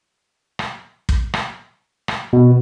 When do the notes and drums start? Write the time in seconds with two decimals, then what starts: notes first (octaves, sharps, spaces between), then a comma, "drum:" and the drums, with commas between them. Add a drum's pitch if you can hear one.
0.59 drum: rim click
1.09 drum: kick
1.34 drum: rim click
2.08 drum: rim click
2.33 B2